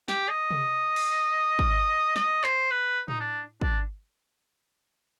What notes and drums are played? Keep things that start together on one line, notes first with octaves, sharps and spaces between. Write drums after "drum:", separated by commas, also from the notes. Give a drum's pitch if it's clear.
G4, drum: snare
D#5
drum: tom C3
drum: cymbal
drum: kick
D#5, drum: snare
C5, drum: clap
B4
D#4, drum: tom A2
D4
D4, drum: kick